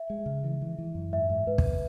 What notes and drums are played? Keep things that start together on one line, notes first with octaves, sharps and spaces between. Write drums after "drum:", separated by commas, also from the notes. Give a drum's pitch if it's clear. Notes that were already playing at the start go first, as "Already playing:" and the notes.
Already playing: E5
G#3
C#3
E3
E3
E3
F#2
G#2 E5
G#2
G#2 B4
drum: kick